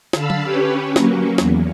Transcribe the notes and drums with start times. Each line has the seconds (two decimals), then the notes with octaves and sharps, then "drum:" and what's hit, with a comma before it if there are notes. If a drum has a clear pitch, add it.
0.13 D3 F5 A5 B5 E6, drum: snare
0.30 drum: tom F#3
0.44 C#4 G4 B4 C#5
0.96 F#3 A#3 C#4, drum: snare
1.38 E2, drum: snare